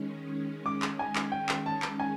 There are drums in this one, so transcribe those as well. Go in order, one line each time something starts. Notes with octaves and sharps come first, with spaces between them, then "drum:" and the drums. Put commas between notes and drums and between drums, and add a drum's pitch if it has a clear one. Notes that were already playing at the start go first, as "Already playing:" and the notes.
Already playing: D#3 G#3 C#4
D6
drum: clap
G#5
drum: clap
G5
drum: clap
A5
drum: clap
G#5